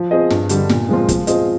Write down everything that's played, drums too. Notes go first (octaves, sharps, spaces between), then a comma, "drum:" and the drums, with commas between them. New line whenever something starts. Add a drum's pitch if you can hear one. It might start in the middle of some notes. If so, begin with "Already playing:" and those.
Already playing: F3
C4 F4 G#4 D#5
G2, drum: snare
D3 G3, drum: hi-hat
A#2, drum: snare
F3 G#3 C4 F4
F3, drum: kick, hi-hat
C4 F4 G#4 D#5, drum: hi-hat